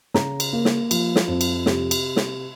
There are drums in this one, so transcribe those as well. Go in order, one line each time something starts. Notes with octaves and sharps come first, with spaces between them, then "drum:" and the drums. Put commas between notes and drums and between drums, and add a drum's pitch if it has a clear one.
C#3 A#5, drum: snare
drum: cymbal
A#3
drum: snare
F3, drum: cymbal
drum: snare
F2
drum: cymbal
C3, drum: snare
drum: cymbal
drum: snare